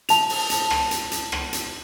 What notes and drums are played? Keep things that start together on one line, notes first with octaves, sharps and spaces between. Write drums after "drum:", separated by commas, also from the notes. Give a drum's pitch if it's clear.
A5 F7, drum: hi-hat
drum: open hi-hat
drum: hi-hat
drum: rim click
drum: hi-hat
drum: hi-hat
drum: rim click
drum: hi-hat